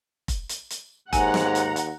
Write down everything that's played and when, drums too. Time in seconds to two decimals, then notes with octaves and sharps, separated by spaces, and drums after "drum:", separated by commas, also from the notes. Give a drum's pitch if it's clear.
0.28 drum: kick F1, hi-hat
0.49 drum: hi-hat
0.70 drum: hi-hat
1.13 D#2 G#2 F#5 G#5 A#5, drum: kick F1, hi-hat
1.34 drum: snare
1.55 drum: hi-hat
1.76 drum: hi-hat